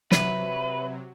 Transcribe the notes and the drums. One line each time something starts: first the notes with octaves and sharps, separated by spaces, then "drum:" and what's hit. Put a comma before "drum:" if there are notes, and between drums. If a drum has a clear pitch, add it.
C3 F#3 B4 E5, drum: snare